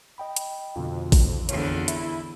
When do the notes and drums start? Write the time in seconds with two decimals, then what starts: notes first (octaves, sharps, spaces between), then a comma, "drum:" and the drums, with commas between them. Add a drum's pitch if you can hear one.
0.18 D#5 G5 B5
0.36 drum: hi-hat
0.76 F2 B2 D3 F4
1.12 drum: kick A1, open hi-hat
1.49 E2 D3 C#5, drum: hi-hat
1.88 E4 E5, drum: hi-hat